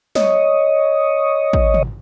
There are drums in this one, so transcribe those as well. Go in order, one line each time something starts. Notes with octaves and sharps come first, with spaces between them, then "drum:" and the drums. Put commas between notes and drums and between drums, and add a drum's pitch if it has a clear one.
C#5 D#5, drum: snare
drum: kick
drum: tom